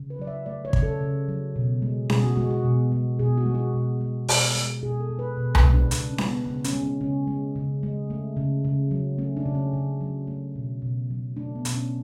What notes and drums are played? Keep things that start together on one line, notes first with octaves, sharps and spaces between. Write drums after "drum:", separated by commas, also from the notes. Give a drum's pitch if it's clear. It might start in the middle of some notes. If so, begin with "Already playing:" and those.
Already playing: C#3
B4
F#3 D5
E5
A3 D5
C#5
C#3, drum: kick
A4
C#3
F#3
B2
G#3
B2 G#4, drum: snare C#4
F#4
G#3 F#4
F#4
B2
G#3
B2 G#4
F#4
G#3
F#4
B2
G#3
B2, drum: open hi-hat
G#3
B2 G#4
A4
G#3
B4
B2
B4, drum: tom C2
G#3
D4
C#3 D4, drum: hi-hat
C#4
G#3, drum: snare C#4
B3
C#3 B3
C#4, drum: hi-hat
G#3
C#4
C#3 C#4
G#3
C#3
G#3
A3
C#3
C#3
F#3
A3 C#4
D4
C#3
C#4
C#3
F#3
A3
B2
B2
F#3
A3 D4
B3
B2, drum: hi-hat
C#4